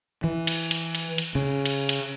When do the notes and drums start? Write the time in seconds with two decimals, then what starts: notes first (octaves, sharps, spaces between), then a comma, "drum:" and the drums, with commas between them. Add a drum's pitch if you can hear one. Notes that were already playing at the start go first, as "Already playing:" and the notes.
0.24 E3
0.47 drum: cymbal
0.71 drum: cymbal
0.95 drum: cymbal
1.18 drum: cymbal
1.35 C#3
1.65 drum: cymbal
1.89 drum: cymbal